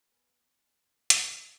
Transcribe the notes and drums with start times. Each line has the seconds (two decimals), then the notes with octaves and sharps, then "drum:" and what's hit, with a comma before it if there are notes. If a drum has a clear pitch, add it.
0.11 B3 B4 G#5
1.10 drum: hi-hat